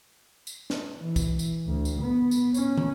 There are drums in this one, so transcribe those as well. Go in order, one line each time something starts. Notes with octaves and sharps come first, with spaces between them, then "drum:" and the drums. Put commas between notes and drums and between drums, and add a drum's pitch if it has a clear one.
drum: tambourine
drum: snare
E3
drum: kick, tambourine
drum: tambourine
D2
drum: tambourine
B3
drum: tambourine
C#4, drum: tambourine
drum: tom